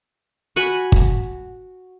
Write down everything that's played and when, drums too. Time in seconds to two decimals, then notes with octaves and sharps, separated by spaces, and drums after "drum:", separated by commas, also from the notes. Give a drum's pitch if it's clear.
0.56 F#4 F#5 G#5 B5
0.92 drum: kick